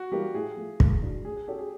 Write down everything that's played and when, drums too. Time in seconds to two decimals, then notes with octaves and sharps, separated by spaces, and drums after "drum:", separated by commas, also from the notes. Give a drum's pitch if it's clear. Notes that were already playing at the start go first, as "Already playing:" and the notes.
Already playing: F#4
0.12 E3 G3 A#3 G4
0.34 A2 G#4
0.57 F3 A3
0.80 A#3, drum: kick
1.03 D4 F#4
1.25 A3 G#4
1.36 G#4
1.48 C#4 F#4 G4 A4 C#5
1.59 G#4